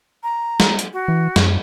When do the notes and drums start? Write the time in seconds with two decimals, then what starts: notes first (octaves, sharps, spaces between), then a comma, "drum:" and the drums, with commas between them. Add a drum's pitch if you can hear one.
0.23 A#5
0.60 drum: snare
0.79 drum: hi-hat
0.93 F#4
1.08 E3
1.36 F#2, drum: snare